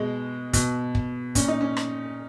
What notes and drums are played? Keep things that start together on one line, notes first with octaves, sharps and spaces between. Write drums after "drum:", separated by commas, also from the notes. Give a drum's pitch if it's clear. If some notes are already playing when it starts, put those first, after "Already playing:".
Already playing: B2 G#3
B2, drum: kick, hi-hat
drum: kick
A#2 C#4, drum: kick, hi-hat
D#4
C#4
drum: rim click